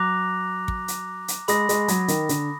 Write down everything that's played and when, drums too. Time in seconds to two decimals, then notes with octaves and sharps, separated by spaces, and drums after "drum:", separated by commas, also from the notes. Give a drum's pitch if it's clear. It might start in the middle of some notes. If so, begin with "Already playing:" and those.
Already playing: F#3 A#5 D6 F#6 A#6 F7
0.68 drum: kick
0.88 drum: hi-hat
1.28 drum: hi-hat
1.48 G#3 B5 D#6 A#6, drum: hi-hat
1.69 G#3, drum: hi-hat
1.88 F#3, drum: hi-hat
2.08 D#3, drum: hi-hat
2.29 D3, drum: hi-hat